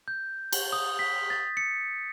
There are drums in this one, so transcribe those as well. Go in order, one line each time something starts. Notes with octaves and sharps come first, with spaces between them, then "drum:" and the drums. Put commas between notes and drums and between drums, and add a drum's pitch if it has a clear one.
G6
drum: cymbal
D#6
B6
A6
C#7